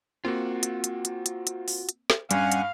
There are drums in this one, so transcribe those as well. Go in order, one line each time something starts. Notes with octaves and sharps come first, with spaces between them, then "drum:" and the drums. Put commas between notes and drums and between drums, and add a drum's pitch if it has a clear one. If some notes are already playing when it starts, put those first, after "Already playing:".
A#3 C4 F4 F#4
drum: hi-hat
drum: hi-hat
drum: hi-hat
drum: hi-hat
drum: hi-hat
drum: open hi-hat
drum: hi-hat
drum: snare
G2 G3 C#4 F5 F#5 G#5, drum: hi-hat
drum: hi-hat